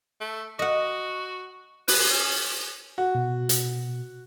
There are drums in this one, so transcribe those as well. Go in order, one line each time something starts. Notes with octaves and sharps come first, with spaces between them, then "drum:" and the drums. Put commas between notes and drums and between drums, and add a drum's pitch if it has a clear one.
A3
F#4 D#5 F#5
B4, drum: open hi-hat
C#4
F#4
B2
drum: hi-hat